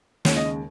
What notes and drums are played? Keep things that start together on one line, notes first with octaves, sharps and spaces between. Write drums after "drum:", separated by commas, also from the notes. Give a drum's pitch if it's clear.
D#2 C#3 G#3 C#5, drum: snare
D#5